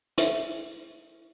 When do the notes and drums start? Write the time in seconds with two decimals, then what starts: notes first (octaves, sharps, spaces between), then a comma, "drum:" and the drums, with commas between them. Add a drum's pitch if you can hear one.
0.18 E4 E5, drum: hi-hat